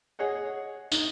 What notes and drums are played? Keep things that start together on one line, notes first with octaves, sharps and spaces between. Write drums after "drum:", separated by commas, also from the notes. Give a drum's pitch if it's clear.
G#4 C#5 D#5 F#5
D#4, drum: tambourine